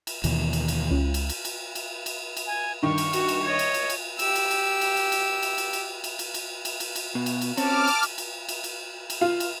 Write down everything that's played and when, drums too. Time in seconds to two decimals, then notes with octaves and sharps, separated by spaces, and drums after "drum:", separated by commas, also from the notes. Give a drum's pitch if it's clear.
0.07 drum: cymbal
0.24 D#2 B2 E3, drum: cymbal
0.53 drum: cymbal
0.68 drum: cymbal
0.91 C#2
1.14 drum: cymbal
1.29 drum: cymbal
1.45 drum: cymbal
1.75 drum: cymbal
2.06 drum: cymbal
2.37 drum: cymbal
2.46 G#5
2.82 G2 D#3 C#6
2.98 drum: cymbal
3.13 F#4, drum: cymbal
3.28 drum: cymbal
3.43 C#5 D#5
3.59 drum: cymbal
3.74 drum: cymbal
3.90 drum: cymbal
4.19 G4 E6, drum: cymbal
4.35 drum: cymbal
4.51 drum: cymbal
4.81 drum: cymbal
4.97 drum: cymbal
5.12 drum: cymbal
5.43 drum: cymbal
5.58 drum: cymbal
5.73 drum: cymbal
6.04 drum: cymbal
6.19 drum: cymbal
6.34 drum: cymbal
6.65 drum: cymbal
6.80 drum: cymbal
6.96 drum: cymbal
7.15 B2
7.26 drum: cymbal
7.41 drum: cymbal
7.57 C4 C#4 A5 D6 F6, drum: cymbal
7.87 drum: cymbal
8.03 drum: cymbal
8.18 drum: cymbal
8.49 drum: cymbal
8.64 drum: cymbal
9.10 drum: cymbal
9.21 F4
9.40 drum: cymbal